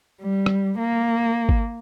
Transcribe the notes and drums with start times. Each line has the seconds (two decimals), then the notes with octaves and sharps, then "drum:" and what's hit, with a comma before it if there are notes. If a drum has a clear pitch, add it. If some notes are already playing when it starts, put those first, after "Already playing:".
0.22 G3
0.46 drum: rim click
0.79 A#3
1.49 drum: kick G#1